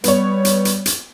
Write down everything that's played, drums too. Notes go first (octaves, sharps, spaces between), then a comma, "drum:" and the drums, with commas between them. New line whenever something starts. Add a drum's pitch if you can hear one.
G3 B3 C#5, drum: hi-hat
drum: hi-hat
drum: hi-hat
drum: hi-hat